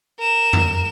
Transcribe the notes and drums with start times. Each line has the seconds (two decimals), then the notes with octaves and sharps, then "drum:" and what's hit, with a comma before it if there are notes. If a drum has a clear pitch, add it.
0.20 A#4 E7
0.53 drum: tom F2